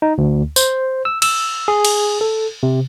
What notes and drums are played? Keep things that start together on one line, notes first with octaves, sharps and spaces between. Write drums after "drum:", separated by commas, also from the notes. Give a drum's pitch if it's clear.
D#4
D2
C5, drum: tambourine
E6
E6, drum: cymbal
G#4
drum: cymbal
A4
C3